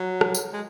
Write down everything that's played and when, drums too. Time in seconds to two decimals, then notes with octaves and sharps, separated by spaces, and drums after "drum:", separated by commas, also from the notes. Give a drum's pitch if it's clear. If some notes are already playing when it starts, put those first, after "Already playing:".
Already playing: F#3
0.21 drum: rim click
0.35 drum: tambourine
0.53 G#3